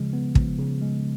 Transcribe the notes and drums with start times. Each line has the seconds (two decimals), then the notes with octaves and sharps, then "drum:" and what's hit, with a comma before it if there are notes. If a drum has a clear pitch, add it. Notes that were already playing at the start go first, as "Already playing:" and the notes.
Already playing: C#3 F3 G#3
0.13 B3
0.35 F3, drum: kick
0.59 C#3
0.82 G#3